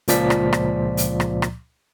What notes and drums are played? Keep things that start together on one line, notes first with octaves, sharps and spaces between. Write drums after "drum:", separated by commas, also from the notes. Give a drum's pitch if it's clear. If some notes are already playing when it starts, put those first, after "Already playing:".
C#2 A#2 F3 D5 B6, drum: hi-hat
drum: rim click
drum: rim click
drum: hi-hat
drum: rim click
drum: rim click